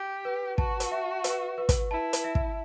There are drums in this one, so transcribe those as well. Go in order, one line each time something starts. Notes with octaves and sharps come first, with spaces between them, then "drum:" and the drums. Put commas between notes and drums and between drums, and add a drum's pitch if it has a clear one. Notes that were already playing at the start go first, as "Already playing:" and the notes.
Already playing: G4
B4
F#4 A5, drum: kick
drum: hi-hat
E5
B4, drum: hi-hat
B4
drum: kick, hi-hat
E4 A5
drum: hi-hat
E5
drum: kick